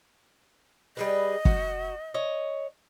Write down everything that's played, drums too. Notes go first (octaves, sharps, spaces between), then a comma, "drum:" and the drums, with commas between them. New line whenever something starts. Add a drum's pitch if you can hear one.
G3 G#4 B4 D#5
F#4, drum: kick
C#5 D#5